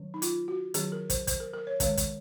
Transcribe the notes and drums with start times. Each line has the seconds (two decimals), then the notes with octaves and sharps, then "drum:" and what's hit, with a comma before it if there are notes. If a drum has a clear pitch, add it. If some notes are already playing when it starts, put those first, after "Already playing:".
Already playing: D#3 F#3 C#4
0.14 D#4
0.22 F4, drum: hi-hat
0.48 F#4
0.74 D#3 F#3 C#4 G#4, drum: hi-hat
0.92 A#4
1.10 C5, drum: kick, hi-hat
1.27 C5, drum: kick, hi-hat
1.40 A#4
1.54 A#4
1.67 C#5
1.80 D#3 G#3 C#4 C#5, drum: kick, hi-hat
1.97 drum: kick, hi-hat